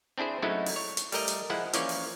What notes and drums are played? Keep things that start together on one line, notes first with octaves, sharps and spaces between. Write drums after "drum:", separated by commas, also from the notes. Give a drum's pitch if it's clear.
C4 D4 E4 G#4 C5
F#3 G#3 A3 C#4 D#4 E4
drum: open hi-hat
C#5
drum: hi-hat
G3 A3 A#4 D#5, drum: open hi-hat
drum: hi-hat
F3 G#3 E4 F#5
E3 F3 A#3 C#4 C#5 D5, drum: hi-hat
drum: open hi-hat